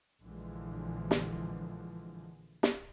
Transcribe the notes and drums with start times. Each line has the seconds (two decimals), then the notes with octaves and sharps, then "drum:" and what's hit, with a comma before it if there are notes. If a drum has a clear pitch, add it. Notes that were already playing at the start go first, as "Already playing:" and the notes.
0.24 A#1 D3 E3 F3 G#3
1.11 drum: snare
2.63 drum: snare